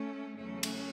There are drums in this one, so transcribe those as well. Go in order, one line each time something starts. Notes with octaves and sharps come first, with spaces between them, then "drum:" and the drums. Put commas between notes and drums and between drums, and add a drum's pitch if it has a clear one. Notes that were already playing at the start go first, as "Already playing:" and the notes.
Already playing: A3 C#4
E2 C#3 F#3 A3 C#4
drum: cymbal